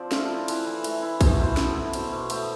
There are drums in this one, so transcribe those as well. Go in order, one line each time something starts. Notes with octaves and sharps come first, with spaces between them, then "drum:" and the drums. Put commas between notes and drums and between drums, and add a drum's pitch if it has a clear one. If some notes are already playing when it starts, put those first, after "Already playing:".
Already playing: F3 C4 C5 D5
A3 F4, drum: snare
E4
E3 B4, drum: cymbal
E3
A3, drum: cymbal
E4
B2 C5, drum: kick A#1, cymbal
B2 C5
A3, drum: snare
E4
B2 C5, drum: cymbal
B2 C5
A3 C5, drum: cymbal